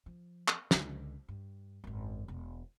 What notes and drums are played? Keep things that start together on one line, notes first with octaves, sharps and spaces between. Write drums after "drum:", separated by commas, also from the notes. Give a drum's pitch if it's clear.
F3
drum: clap
C#2 D3, drum: snare
G2
G#1 F#2
E1 B3